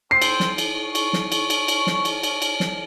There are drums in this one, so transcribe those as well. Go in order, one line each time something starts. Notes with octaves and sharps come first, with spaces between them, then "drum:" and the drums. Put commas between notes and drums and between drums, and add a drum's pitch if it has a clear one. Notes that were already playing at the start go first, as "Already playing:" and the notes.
C4 C5 C7
drum: cymbal
drum: snare
drum: cymbal
C#6
drum: cymbal
drum: snare
drum: cymbal
drum: cymbal
drum: cymbal
drum: snare
drum: cymbal
drum: cymbal
drum: cymbal
drum: snare